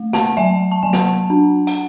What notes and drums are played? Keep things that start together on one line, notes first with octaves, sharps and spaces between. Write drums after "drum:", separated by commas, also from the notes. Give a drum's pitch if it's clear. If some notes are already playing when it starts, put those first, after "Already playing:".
Already playing: A3
F#5 A5, drum: snare
F#3 E5 G#5
A5
F#3 G#5
F#5 A5, drum: snare
D4
F#5, drum: hi-hat